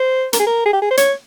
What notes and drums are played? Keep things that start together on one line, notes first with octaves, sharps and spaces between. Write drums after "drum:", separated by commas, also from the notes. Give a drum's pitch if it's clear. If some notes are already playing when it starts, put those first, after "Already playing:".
Already playing: C5
A#4, drum: hi-hat
G#4
A#4
G#4
G4
G#4
C5
C#5, drum: hi-hat